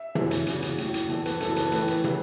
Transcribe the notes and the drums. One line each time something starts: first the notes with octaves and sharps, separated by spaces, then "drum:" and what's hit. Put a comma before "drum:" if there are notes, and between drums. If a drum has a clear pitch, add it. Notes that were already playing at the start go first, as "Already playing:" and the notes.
Already playing: E5
F#2 C#3 E3, drum: tom
drum: hi-hat
E2 C#3 F#3, drum: hi-hat
drum: hi-hat
A2 F#3, drum: hi-hat
drum: hi-hat
E2 E3 A4
B4, drum: hi-hat
F#2 C#3 E3 A4, drum: hi-hat
B4, drum: hi-hat
A2 E3 B4, drum: hi-hat
B4, drum: hi-hat
C#3 E3, drum: tom